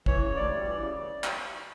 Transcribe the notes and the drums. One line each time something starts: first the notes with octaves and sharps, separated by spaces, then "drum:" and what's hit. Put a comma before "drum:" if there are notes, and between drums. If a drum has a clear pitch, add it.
E3 C#5, drum: kick
C#3
D2 D5
G3
E3
C#3
drum: clap